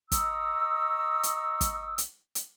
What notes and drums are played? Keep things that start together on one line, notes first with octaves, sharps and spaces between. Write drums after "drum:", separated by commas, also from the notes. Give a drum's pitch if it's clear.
D#5 A#5 C#6 D#6 E6, drum: kick, hi-hat
drum: hi-hat
drum: kick, hi-hat
drum: hi-hat
drum: hi-hat